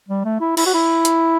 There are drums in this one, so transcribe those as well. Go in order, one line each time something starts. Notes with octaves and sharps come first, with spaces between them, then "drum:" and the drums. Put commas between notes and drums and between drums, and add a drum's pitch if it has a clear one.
G3
A3
E4
E4, drum: cymbal
F#4
E4
drum: hi-hat